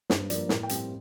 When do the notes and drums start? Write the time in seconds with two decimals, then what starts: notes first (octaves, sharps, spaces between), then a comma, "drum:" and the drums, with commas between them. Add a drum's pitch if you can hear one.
0.10 G2 C5, drum: snare
0.30 F3 A#3 D5, drum: hi-hat
0.49 A2 A#4, drum: snare
0.63 G5
0.69 G3 C4, drum: hi-hat
0.76 G5